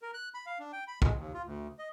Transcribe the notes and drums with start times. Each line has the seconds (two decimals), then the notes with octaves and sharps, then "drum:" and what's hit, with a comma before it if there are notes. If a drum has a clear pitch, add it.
0.02 A#4
0.14 F#6
0.34 B5
0.46 F5
0.59 D4
0.73 G5
0.88 B5
1.02 G#3, drum: kick
1.18 D#2
1.34 F4
1.46 D2
1.79 D#5